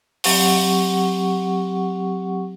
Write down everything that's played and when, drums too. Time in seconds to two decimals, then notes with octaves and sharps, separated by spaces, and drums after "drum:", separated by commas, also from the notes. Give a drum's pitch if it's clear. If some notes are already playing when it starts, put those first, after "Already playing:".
0.24 F#3 C4 G4 F#5 C#6, drum: open hi-hat